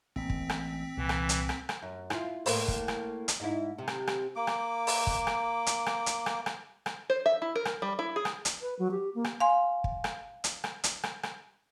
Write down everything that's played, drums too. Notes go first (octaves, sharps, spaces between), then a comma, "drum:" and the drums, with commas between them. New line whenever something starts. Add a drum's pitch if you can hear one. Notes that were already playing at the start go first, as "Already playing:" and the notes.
A1 A#3 C4 B6
drum: kick
drum: rim click
C2 A#2 E3
drum: rim click
drum: hi-hat
drum: rim click
drum: rim click
F#2
E4 F4, drum: rim click
A2 A#3 C5, drum: open hi-hat
drum: kick
drum: rim click
drum: hi-hat
G#2 E4
C3
drum: rim click
drum: rim click
A#3 D6
drum: rim click
drum: open hi-hat
drum: kick
drum: rim click
drum: hi-hat
drum: rim click
drum: hi-hat
drum: rim click
drum: rim click
drum: rim click
C5
E5
E4
A#4
drum: rim click
G3
E4
G#4
drum: rim click
drum: hi-hat
B4
F#3
G4
A#3
drum: rim click
F5 G#5 C6
drum: kick
drum: rim click
drum: hi-hat
drum: rim click
drum: hi-hat
drum: rim click
drum: rim click